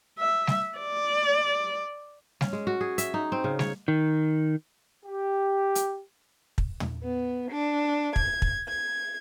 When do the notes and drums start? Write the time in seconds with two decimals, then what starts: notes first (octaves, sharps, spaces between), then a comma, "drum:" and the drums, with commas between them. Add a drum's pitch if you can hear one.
0.18 E5
0.47 drum: snare G3
0.78 D5
2.41 C#4, drum: snare G3
2.53 G#3
2.67 F#4
2.81 G#4
2.98 E5, drum: hi-hat
3.14 D#4
3.32 C4
3.44 C#3
3.59 C#5, drum: snare G3
3.88 D#3
5.05 G4
5.75 drum: hi-hat
6.58 drum: kick
6.80 drum: tom
7.03 B3
7.50 D4
8.16 G#6, drum: kick
8.42 drum: kick
8.67 G#6